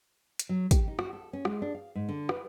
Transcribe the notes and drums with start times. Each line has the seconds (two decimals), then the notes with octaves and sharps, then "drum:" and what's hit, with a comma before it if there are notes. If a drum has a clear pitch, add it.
0.39 drum: hi-hat
0.49 F#3
0.71 G4, drum: kick, hi-hat
0.88 D#4
0.99 F#4, drum: rim click
1.13 A4
1.33 C#4
1.45 G#3, drum: rim click
1.62 D4
1.74 F5
1.95 G#2
2.09 D3
2.29 B4, drum: rim click